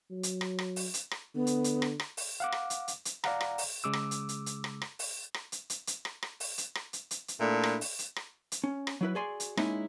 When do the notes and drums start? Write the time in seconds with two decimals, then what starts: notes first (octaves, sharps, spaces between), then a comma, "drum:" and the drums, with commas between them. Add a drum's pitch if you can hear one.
0.11 F#3
0.23 drum: hi-hat
0.41 drum: rim click
0.59 drum: rim click
0.76 drum: open hi-hat
0.94 drum: hi-hat
1.11 drum: rim click
1.35 D3 B3
1.47 drum: hi-hat
1.64 drum: hi-hat
1.82 drum: rim click
2.00 drum: rim click
2.17 drum: open hi-hat
2.40 F5 F#5 D6
2.52 drum: rim click
2.70 drum: hi-hat
2.88 drum: hi-hat
3.05 drum: hi-hat
3.24 D5 F5 F#5 A#5, drum: rim click
3.41 drum: rim click
3.58 drum: open hi-hat
3.84 C#3 G#3 D6 E6
3.93 drum: rim click
4.11 drum: hi-hat
4.29 drum: hi-hat
4.46 drum: hi-hat
4.64 drum: rim click
4.82 drum: rim click
4.99 drum: open hi-hat
5.34 drum: rim click
5.52 drum: hi-hat
5.70 drum: hi-hat
5.87 drum: hi-hat
6.05 drum: rim click
6.23 drum: rim click
6.40 drum: open hi-hat
6.58 drum: hi-hat
6.75 drum: rim click
6.93 drum: hi-hat
7.11 drum: hi-hat
7.28 drum: hi-hat
7.40 A#2 A3 D4 E4
7.64 drum: rim click
7.81 drum: open hi-hat
7.99 drum: hi-hat
8.16 drum: rim click
8.52 drum: hi-hat
8.64 C#4
8.87 drum: rim click
9.01 F#3 E4 B4
9.15 F#4 G#4 D5 G#5 C6
9.40 drum: hi-hat
9.57 G#3 A#3 C#4 D#4 E4, drum: rim click